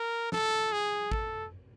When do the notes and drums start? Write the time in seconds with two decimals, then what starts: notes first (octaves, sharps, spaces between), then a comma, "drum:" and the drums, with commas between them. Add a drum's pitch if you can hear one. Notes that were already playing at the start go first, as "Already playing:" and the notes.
Already playing: A#4
0.32 A4, drum: snare
0.72 G#4
1.12 A4, drum: kick A1